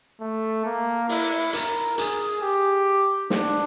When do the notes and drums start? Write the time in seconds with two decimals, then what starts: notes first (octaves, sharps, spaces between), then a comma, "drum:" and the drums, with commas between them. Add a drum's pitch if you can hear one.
0.20 A3
0.65 A#3
1.09 E4, drum: open hi-hat
1.53 A#4, drum: hi-hat
1.98 G#4, drum: hi-hat
2.41 G4
3.30 D4, drum: snare